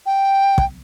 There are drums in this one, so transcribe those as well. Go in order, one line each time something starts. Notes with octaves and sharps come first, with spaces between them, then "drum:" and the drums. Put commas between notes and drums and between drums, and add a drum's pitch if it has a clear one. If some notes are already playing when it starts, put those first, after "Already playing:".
G5
drum: kick